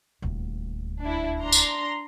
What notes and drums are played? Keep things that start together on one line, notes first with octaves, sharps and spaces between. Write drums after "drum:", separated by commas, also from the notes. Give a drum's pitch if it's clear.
D#1 D2
D4 E4
D4 A#5 C6
drum: tambourine